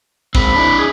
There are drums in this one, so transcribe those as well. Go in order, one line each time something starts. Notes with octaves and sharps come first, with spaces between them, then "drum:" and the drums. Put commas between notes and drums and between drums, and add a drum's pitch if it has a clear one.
G#3 C4 B5, drum: kick
D4 E4
G#4